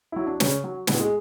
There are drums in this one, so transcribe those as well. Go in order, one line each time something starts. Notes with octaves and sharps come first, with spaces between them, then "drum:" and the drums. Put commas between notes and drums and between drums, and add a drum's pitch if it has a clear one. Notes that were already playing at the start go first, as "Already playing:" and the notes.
F#3 E4
D4
C#3 C#4, drum: snare
F#3
A2 B3, drum: snare
G#3